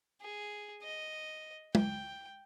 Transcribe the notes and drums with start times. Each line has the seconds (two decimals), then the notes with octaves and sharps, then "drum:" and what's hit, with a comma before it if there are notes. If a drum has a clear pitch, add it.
0.21 G#4
0.83 D#5
1.75 G5, drum: tom